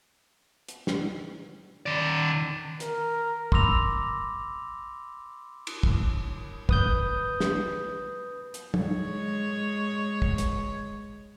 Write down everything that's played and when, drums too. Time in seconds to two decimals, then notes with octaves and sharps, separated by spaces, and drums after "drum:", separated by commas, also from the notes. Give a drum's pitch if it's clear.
0.68 drum: hi-hat
0.87 drum: snare
1.86 D#3 D5
2.80 A#4, drum: hi-hat
3.52 B5 C6 D6 E6 A#6 F7, drum: kick
5.67 drum: cymbal
5.83 drum: kick
6.69 B4 D#6 G6, drum: kick
7.40 drum: snare
8.54 drum: hi-hat
8.74 G#3 C#5, drum: tom
10.22 drum: kick
10.38 drum: hi-hat